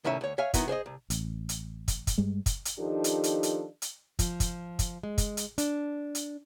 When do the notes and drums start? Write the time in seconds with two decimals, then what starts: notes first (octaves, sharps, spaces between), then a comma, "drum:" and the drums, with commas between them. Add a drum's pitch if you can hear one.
0.04 C2 A2 D#3 C#4 E5
0.21 D2 C#5
0.38 C#5 E5 F5 G#5
0.54 B2 D#3 F#3 B3 E4, drum: kick, hi-hat
0.68 G#4 C5 D5 D#5
0.86 C2
1.10 A1, drum: hi-hat
1.49 drum: hi-hat
1.88 drum: kick, hi-hat
2.07 drum: kick, hi-hat
2.18 G2 G3 G#3
2.46 drum: kick, hi-hat
2.65 drum: hi-hat
2.79 D#3 F3 D4 D#4 G4 A4
3.04 drum: hi-hat
3.24 drum: hi-hat
3.43 drum: hi-hat
3.82 drum: hi-hat
4.19 F3, drum: kick, hi-hat
4.40 drum: kick, hi-hat
4.79 drum: kick, hi-hat
5.03 G#3
5.18 drum: kick, hi-hat
5.37 drum: hi-hat
5.58 D4, drum: hi-hat
6.15 drum: hi-hat